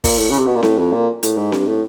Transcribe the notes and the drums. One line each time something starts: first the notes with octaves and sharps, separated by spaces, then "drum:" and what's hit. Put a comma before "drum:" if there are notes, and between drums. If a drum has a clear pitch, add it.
A#2, drum: kick, open hi-hat
A2
C#3
C3
B2
A#2
A2, drum: snare C4
F2
A#2
A2, drum: hi-hat
G#2
G2, drum: snare C4
A2